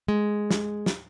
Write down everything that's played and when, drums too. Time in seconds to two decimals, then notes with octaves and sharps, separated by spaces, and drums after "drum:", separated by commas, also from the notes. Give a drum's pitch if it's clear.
0.08 G#3
0.51 drum: snare
0.86 drum: snare